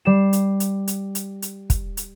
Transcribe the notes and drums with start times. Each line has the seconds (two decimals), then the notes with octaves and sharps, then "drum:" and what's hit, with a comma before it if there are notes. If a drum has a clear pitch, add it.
0.05 G3 C7 E7
0.33 drum: hi-hat
0.60 drum: hi-hat
0.88 drum: hi-hat
1.15 drum: hi-hat
1.42 drum: hi-hat
1.70 drum: kick, hi-hat
1.97 drum: hi-hat